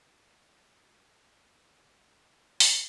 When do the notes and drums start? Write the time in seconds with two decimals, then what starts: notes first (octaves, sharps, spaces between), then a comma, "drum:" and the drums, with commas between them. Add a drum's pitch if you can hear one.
0.22 A#3 F4
2.22 C6
2.60 drum: open hi-hat